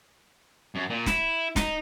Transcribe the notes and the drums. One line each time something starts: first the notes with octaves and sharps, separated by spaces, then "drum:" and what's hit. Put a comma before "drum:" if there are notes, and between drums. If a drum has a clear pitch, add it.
F#2
A#2
E4, drum: snare
D#4, drum: snare